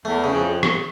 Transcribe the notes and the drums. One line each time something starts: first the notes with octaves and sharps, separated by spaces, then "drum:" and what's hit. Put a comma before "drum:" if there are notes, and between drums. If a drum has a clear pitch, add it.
E2 A3
C#3
F2
drum: rim click